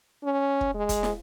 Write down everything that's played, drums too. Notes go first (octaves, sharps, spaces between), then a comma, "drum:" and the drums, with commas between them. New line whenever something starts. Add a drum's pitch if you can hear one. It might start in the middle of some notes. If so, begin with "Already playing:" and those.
C#4
drum: kick
G#3
drum: kick, hi-hat
drum: snare